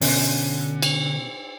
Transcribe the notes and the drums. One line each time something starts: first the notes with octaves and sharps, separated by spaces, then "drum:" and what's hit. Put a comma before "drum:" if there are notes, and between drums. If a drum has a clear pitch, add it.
B2 D3 C#4, drum: open hi-hat
drum: cymbal